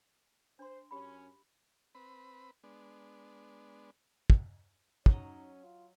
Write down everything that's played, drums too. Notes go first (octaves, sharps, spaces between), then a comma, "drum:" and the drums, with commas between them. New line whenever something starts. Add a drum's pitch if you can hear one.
D4 C5 C6
F#2 C#4 G4 B5
C4 B4 B5
G#3 B3 D4
drum: kick
F#3 C#4 D#4 D#5, drum: kick
F4